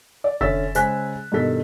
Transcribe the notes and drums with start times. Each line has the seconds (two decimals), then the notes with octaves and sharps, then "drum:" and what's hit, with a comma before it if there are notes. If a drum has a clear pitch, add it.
0.24 D5
0.41 D3 C#4 E5 E6 A6 B6, drum: kick F1
0.75 C#3 G#3 C5 G#5 F#6 B6, drum: hi-hat
1.32 G2 B2 D#3 A4 B6